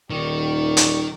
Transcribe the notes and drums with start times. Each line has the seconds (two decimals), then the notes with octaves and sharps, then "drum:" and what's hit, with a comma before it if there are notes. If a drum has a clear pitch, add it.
0.10 D#1 D#3 G4 D5 C#6
0.77 drum: hi-hat